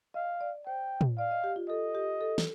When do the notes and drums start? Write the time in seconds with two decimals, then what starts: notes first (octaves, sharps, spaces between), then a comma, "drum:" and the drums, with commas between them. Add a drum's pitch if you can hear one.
0.14 D#5 F5
0.41 D5
0.67 C5 G5
1.01 drum: tom
1.18 D5 F5
1.31 D#5
1.44 G4
1.56 F4
1.69 A4 D#5
1.95 G4
2.21 A4
2.38 drum: snare